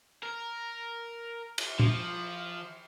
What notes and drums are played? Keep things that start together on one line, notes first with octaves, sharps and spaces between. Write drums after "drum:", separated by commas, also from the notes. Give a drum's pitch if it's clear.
A#4
drum: cymbal
F3, drum: tom